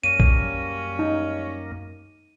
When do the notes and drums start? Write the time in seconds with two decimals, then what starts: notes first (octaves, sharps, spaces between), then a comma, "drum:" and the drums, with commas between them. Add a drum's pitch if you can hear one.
0.04 F#2 G3 A#3 C#4 D#7
0.20 drum: kick
0.99 D#4